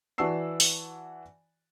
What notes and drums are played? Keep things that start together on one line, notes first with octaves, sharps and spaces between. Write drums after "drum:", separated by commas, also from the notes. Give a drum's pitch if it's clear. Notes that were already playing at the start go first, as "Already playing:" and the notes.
E3 F#4 D5 A5 E6 C7
drum: open hi-hat